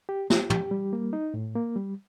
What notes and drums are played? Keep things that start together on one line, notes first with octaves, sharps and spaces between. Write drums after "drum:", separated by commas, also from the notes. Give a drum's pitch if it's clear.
G4
G4, drum: snare
G4, drum: tom
G3
A#3
D#4
A2
A#3
G3